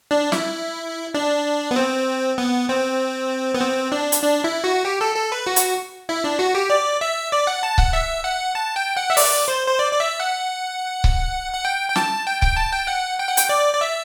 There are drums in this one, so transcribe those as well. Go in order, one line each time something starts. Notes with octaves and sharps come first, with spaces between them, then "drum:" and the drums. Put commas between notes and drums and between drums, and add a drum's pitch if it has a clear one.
D4
E4, drum: snare
D4
B3
C4
B3
C4
B3
C4
D4
drum: hi-hat
D4
E4
F#4
G4
A4
A4
B4
F#4
drum: hi-hat
E4
D4
F#4
G4
D5
E5
D5
F#5
A5
F#5, drum: kick C#1
E5
F#5
A5
G5
F#5
E5
D5, drum: open hi-hat
C5
C5
D5
D5
E5
F#5
drum: kick C#1
F#5
G5
G5
A5, drum: snare
G5
G5, drum: kick C#1
A5
G5
F#5
G5
F#5
G5, drum: hi-hat
D5
D5
E5